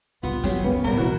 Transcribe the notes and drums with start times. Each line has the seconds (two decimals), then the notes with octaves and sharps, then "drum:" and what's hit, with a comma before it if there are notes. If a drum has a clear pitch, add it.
0.23 C2 B3 F4
0.43 F#3 G4, drum: kick F#2, hi-hat
0.64 C#3 A#3 B3
0.84 B1 C3 G3 A#4
0.97 B1 E3 F#4